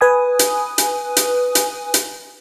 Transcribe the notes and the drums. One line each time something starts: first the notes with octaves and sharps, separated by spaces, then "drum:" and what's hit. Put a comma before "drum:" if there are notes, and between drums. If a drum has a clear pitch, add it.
B4 G#5 D#6
drum: hi-hat
drum: hi-hat
drum: hi-hat
drum: hi-hat
drum: hi-hat